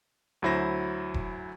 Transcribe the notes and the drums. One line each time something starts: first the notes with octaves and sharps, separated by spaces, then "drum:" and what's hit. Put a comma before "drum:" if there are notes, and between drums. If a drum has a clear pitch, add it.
D2 F#3 E4 C5 A#6
drum: kick E1